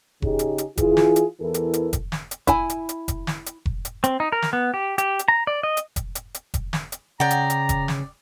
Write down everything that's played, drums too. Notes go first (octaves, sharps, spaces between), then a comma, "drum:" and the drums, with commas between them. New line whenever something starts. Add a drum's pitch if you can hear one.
C#3 D#4 G4 G#4, drum: kick F1
drum: hi-hat
drum: hi-hat
E3 E4 F4 G#4, drum: kick F1, hi-hat
drum: snare
drum: hi-hat
E2 E3 E4 A4 A#4
drum: hi-hat
drum: hi-hat
drum: kick F1, hi-hat
drum: snare
drum: hi-hat
E4 G#5, drum: kick F1, hi-hat
drum: hi-hat
drum: hi-hat
drum: kick F1, hi-hat
drum: snare
drum: hi-hat
drum: kick F1
drum: hi-hat
C4, drum: hi-hat
D#4
A#4
drum: snare
B3
G4
G4, drum: hi-hat
drum: hi-hat
A#5
D5
D#5
drum: hi-hat
drum: kick F1, hi-hat
drum: hi-hat
drum: hi-hat
drum: kick F1, hi-hat
drum: snare
drum: hi-hat
C#3 D5 F#5 G5 A#5
drum: hi-hat
drum: hi-hat
drum: kick F1, hi-hat
drum: snare